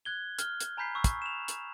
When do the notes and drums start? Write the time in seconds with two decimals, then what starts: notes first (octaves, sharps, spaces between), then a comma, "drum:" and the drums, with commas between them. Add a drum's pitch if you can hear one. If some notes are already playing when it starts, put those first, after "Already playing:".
0.05 F#6 G#6 G7
0.39 F6 G7, drum: hi-hat
0.60 drum: hi-hat
0.77 G#5 A#5 B5 G6 B6 C7
0.95 C#6 E6
1.04 drum: kick, hi-hat
1.22 E7 F7
1.48 drum: hi-hat